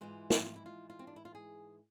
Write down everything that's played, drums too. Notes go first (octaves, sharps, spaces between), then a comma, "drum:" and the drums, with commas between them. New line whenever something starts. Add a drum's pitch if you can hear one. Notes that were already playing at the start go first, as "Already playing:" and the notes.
G#2 E3 G#3 F4
drum: snare
F4
E4
F4
F4
C4
D4
E4
F4
G#4